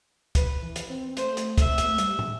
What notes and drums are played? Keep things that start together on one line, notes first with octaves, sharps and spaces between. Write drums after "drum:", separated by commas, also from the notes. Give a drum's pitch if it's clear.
B4, drum: kick C#2, hi-hat
E3
drum: hi-hat
C4
A3 C5, drum: hi-hat
drum: hi-hat
E5, drum: kick C#2, hi-hat
C4
B3, drum: hi-hat
A3
G3, drum: hi-hat
drum: tom